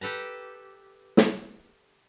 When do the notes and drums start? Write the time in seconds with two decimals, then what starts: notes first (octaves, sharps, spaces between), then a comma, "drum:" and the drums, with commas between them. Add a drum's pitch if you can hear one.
0.01 G4 A4 B4 A#5
1.17 drum: snare